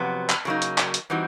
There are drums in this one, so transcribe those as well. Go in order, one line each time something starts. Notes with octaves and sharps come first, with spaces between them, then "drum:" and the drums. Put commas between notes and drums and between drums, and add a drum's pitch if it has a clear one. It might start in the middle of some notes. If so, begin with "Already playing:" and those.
Already playing: F2 C3 F#3 B3
drum: clap
C#3 F#3 A#3 D#4
drum: hi-hat
drum: clap
drum: hi-hat
E3 G3 C4 D#4 F#4